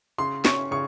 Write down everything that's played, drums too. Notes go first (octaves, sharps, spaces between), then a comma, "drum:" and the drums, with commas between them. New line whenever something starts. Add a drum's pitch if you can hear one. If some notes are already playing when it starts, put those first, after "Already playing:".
C#3 C6
C#4 C#6, drum: snare
C#3 C#6